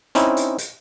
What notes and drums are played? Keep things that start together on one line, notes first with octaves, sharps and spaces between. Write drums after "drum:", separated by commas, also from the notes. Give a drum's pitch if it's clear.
C4 C#4 D#4 E4, drum: hi-hat
drum: hi-hat
drum: hi-hat